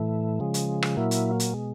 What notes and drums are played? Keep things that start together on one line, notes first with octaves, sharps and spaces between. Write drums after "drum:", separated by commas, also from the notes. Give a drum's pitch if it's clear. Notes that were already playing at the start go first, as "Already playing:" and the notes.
Already playing: A2 E3 A3
C#3 F3 G#3
drum: hi-hat
drum: rim click
A#2 F#3 A#3 E4
drum: hi-hat
drum: hi-hat
B2 G#3